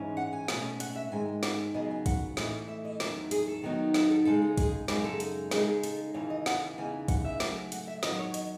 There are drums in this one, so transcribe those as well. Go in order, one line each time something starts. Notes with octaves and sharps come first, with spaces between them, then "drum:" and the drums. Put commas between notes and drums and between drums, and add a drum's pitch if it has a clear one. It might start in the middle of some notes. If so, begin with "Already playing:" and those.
Already playing: G#2 E3 G#3 C#4
F#5
G#5
B2 A3 C#4, drum: snare
F#5, drum: hi-hat
E5
G#2 D#3 G#3 G#5
F#5, drum: snare
D#2 C#3 F#3 B3 D#5
G#5
F#5, drum: kick, hi-hat
A2 E3 A3 D#4, drum: snare
E5
D#5
E2 D#3 F#3 A4, drum: snare
G#4, drum: hi-hat
A4
D#2 D#3 F#3 B3 D#4
A4, drum: snare
A4
C#3 G#3 D#4 A4
G#4
G#4, drum: kick, hi-hat
F#2 C#3 G#3 D#4 B4, drum: snare
A4
drum: hi-hat
C#3 G#3 D#4 G#4, drum: snare
A4, drum: hi-hat
D#2 C#3 E3 C#5
D#5
F#5, drum: snare
E2 C#3 E3 B3 D#4 G#5
F#5, drum: kick, hi-hat
E5
C#3 F#3 A3, drum: snare
F#5, drum: hi-hat
E5
E2 D#3 F#3 D#5, drum: snare
C#5
D#5, drum: hi-hat